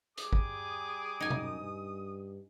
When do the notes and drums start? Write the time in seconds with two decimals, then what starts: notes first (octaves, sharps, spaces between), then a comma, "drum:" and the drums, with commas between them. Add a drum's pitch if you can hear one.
0.18 G3 G#4 D6 D#6, drum: hi-hat
0.33 drum: kick
1.20 F#2 D#4 G#5
1.30 drum: tom B2
1.60 G2